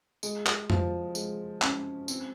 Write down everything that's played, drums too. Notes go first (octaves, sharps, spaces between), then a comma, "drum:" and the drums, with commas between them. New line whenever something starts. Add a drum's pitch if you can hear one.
G#3, drum: tambourine
drum: clap
F3, drum: tom F2
G#3, drum: tambourine
C#4, drum: clap
C4, drum: tambourine